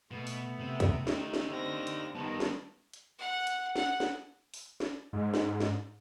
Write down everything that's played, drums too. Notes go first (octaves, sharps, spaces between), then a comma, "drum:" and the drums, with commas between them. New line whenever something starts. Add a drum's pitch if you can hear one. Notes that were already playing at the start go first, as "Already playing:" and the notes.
B2 A3 B3
drum: open hi-hat
C3
drum: kick D2, hi-hat
D#4 G4, drum: snare
drum: snare
D3 C4 A#6
drum: hi-hat
D#3 G3 B3 A5
drum: snare
drum: hi-hat
F#5
drum: hi-hat
F#5, drum: snare
drum: snare
drum: open hi-hat
drum: snare
G#2
drum: snare
drum: snare